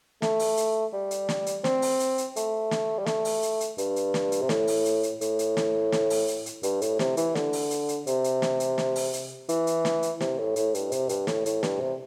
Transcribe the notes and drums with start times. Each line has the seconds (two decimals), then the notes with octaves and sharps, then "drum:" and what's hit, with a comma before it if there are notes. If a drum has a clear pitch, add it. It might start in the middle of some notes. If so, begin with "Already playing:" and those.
0.22 A3, drum: snare
0.39 drum: open hi-hat
0.57 drum: hi-hat
0.93 G3
1.11 drum: hi-hat
1.29 drum: snare
1.46 drum: hi-hat
1.64 C4, drum: snare
1.82 drum: open hi-hat
2.00 drum: hi-hat
2.18 drum: hi-hat
2.36 A3, drum: hi-hat
2.71 drum: snare
2.99 G3
3.06 A3, drum: snare
3.25 drum: open hi-hat
3.43 drum: hi-hat
3.60 drum: hi-hat
3.78 G2, drum: hi-hat
3.96 drum: hi-hat
4.14 drum: snare
4.32 drum: hi-hat
4.42 C3
4.49 A2, drum: snare
4.67 drum: open hi-hat
4.85 drum: hi-hat
5.03 drum: hi-hat
5.21 A2, drum: hi-hat
5.39 drum: hi-hat
5.57 drum: snare
5.92 drum: snare
6.10 drum: open hi-hat
6.28 drum: hi-hat
6.46 drum: hi-hat
6.63 G2, drum: hi-hat
6.82 A2, drum: hi-hat
6.99 C3, drum: snare
7.17 E3, drum: hi-hat
7.35 D3, drum: snare
7.53 drum: open hi-hat
7.71 drum: hi-hat
7.89 drum: hi-hat
8.07 C3, drum: hi-hat
8.24 drum: hi-hat
8.42 drum: snare
8.60 drum: hi-hat
8.78 drum: snare
8.96 drum: open hi-hat
9.13 drum: hi-hat
9.49 E3, drum: hi-hat
9.67 drum: hi-hat
9.85 drum: snare
10.03 drum: hi-hat
10.20 C3, drum: snare
10.38 A2
10.56 A2, drum: hi-hat
10.74 G2, drum: hi-hat
10.92 C3, drum: hi-hat
11.09 G2, drum: hi-hat
11.27 A2, drum: snare
11.46 A2, drum: hi-hat
11.63 G2, drum: snare
11.80 C3